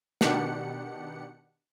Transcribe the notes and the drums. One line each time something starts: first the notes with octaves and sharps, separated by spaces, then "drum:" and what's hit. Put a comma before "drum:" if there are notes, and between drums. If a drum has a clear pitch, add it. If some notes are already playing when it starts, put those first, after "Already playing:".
B2 D#3 D4 G4 F#5 C#7, drum: snare